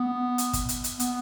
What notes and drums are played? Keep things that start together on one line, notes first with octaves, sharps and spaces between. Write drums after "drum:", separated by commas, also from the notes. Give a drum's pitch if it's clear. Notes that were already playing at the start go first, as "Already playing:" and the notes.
Already playing: B3
drum: hi-hat
drum: kick, hi-hat
drum: hi-hat
drum: hi-hat
B3, drum: hi-hat